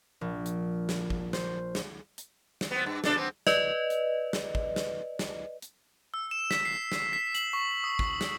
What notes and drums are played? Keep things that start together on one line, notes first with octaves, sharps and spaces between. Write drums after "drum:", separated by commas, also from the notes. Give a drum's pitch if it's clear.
A#1
drum: hi-hat
drum: snare
drum: kick
C5, drum: snare
drum: snare
drum: hi-hat
drum: snare
B3 C4
G2
B2 D4 A4, drum: snare
B3 C4
B4 D5 D#5, drum: snare
drum: hi-hat
drum: snare
drum: kick
drum: snare
drum: snare
drum: hi-hat
E6
E7
B6, drum: snare
C7
drum: snare
B6
F#7, drum: hi-hat
C#6
D#6
drum: kick
drum: snare